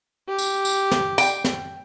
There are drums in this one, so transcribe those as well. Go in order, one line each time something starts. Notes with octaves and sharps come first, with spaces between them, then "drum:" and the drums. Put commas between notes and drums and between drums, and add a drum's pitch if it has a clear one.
G4
drum: tambourine
drum: tambourine
drum: snare
G5, drum: tambourine
drum: snare